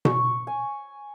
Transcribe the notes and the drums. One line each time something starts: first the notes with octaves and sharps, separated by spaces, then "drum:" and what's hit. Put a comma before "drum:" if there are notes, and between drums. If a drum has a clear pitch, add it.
C#6, drum: tom B2
G#5